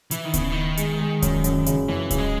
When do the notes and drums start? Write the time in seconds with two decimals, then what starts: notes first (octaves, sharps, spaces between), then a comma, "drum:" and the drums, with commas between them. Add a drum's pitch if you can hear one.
0.11 E3 E4, drum: hi-hat
0.25 D#3
0.34 C#3 B3, drum: kick D1, hi-hat
0.52 D#3 B3
0.77 G#3, drum: hi-hat
1.00 G#3
1.22 F#2, drum: kick D1, hi-hat
1.44 F#2, drum: hi-hat
1.66 C#3, drum: hi-hat
1.89 F#2 E3
2.10 C#3, drum: kick D1, hi-hat
2.18 G#3